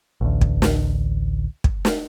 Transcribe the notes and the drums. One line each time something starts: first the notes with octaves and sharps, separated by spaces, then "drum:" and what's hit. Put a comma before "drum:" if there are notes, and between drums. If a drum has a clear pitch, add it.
A1 D2
drum: kick
drum: snare
drum: kick
drum: snare